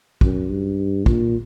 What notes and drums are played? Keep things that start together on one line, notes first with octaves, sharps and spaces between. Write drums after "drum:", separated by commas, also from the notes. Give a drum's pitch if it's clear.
F#2, drum: kick
G2
A#2, drum: kick